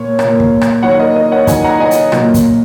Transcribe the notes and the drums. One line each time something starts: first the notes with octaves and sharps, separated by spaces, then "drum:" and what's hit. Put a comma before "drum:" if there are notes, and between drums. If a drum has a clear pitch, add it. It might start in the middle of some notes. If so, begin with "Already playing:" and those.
Already playing: A#2 A#3 C#5
A#2 A#3, drum: rim click
drum: kick
drum: rim click
D#3 F#3 A#3 C#5 F#5
A#4 D#5
A#4 D#5
C#5 F#5
D#3 F#3 A#3 D#5 G#5, drum: kick, hi-hat
F#5 A#5
D#5 G#5
drum: hi-hat
A#2 F#3 A#3, drum: rim click
drum: kick, hi-hat